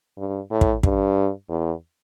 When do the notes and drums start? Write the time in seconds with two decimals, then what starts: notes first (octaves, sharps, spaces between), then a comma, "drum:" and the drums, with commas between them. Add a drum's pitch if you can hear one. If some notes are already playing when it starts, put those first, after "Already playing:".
0.17 G2
0.50 A2
0.61 drum: kick
0.83 G2, drum: kick
1.49 E2